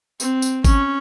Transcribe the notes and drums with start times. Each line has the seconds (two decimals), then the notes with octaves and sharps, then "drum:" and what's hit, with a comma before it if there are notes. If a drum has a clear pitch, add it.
0.20 C4, drum: tambourine
0.42 drum: tambourine
0.65 C#4, drum: kick G#1, tambourine